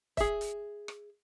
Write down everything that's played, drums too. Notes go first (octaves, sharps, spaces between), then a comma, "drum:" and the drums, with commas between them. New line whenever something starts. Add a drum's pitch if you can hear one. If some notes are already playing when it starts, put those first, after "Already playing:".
G#4 E5, drum: kick, hi-hat
drum: hi-hat
drum: rim click